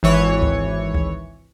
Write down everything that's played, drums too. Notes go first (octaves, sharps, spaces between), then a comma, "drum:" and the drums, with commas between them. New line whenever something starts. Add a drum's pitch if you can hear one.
G#1 E3 C#5
drum: kick C#2
drum: kick C#2